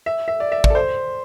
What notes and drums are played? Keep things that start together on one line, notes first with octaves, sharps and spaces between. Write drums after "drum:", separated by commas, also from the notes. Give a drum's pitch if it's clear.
E5
E5
D5
E5
D5, drum: kick
A4
C5